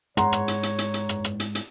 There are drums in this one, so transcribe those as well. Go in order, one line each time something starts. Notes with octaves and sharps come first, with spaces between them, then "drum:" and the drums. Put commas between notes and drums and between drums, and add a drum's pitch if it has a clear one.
G#2 C#5 F#5 A#5 C6, drum: rim click
drum: rim click
drum: hi-hat
drum: hi-hat
drum: hi-hat
drum: hi-hat
drum: rim click
drum: rim click
drum: hi-hat
drum: hi-hat